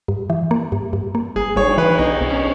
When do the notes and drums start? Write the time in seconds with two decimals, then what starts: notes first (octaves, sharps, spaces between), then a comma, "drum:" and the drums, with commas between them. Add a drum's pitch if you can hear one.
0.08 G2
0.30 E3
0.51 A#3
0.72 G2
0.93 G2
1.15 A#3
1.36 G1 G#4
1.56 G1 C#5, drum: cymbal
1.77 E3 B4
1.99 B1 D#4
2.21 B1
2.30 C#4